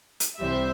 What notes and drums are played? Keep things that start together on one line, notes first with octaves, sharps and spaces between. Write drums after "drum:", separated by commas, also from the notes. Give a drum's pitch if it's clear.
drum: hi-hat
C2 C3 E3 G3 C5 E5